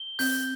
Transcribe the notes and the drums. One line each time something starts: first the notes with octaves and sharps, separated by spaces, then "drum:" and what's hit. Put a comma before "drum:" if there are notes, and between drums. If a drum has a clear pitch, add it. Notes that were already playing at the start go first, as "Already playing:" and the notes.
Already playing: G7
C4 G6, drum: open hi-hat